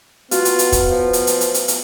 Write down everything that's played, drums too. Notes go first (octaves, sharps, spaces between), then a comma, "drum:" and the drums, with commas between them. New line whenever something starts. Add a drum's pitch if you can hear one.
B3 F4 F#4, drum: hi-hat
drum: hi-hat
drum: hi-hat
drum: kick, hi-hat
F3
drum: hi-hat
drum: hi-hat
drum: hi-hat
drum: hi-hat
drum: hi-hat